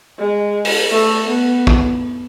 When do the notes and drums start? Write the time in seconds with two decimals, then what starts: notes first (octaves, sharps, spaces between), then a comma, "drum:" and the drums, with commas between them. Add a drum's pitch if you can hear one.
0.19 G#3
0.65 drum: open hi-hat
0.91 A3
1.27 B3
1.67 drum: kick